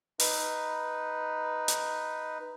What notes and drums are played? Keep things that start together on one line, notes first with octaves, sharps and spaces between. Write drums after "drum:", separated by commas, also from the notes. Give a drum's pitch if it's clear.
D#4 B4, drum: open hi-hat
drum: hi-hat